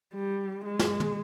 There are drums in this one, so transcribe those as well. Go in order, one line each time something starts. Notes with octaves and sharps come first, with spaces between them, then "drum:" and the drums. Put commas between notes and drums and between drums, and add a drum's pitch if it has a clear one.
G3
G#3
drum: snare
drum: tom